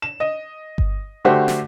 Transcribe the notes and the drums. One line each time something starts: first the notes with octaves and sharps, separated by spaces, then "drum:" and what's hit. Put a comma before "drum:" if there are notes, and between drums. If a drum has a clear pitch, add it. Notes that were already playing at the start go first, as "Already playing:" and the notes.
E7
D#5
drum: kick G1
D3 A3 F#4 G4 C5
drum: snare